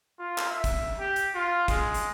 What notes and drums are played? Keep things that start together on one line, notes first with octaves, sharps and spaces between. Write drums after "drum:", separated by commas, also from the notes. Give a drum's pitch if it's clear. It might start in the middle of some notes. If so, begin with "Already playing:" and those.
F4
drum: clap
E5
drum: kick, hi-hat
G4
drum: hi-hat
F4
G#3, drum: kick, hi-hat
drum: hi-hat